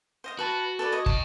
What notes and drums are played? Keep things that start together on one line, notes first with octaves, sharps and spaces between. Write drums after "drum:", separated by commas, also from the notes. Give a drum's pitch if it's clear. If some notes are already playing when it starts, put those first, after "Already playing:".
C5 D#5 F5
F#4 B4 A5
A4 B4 D5
C#5 D#5 C#6
G5 A5, drum: kick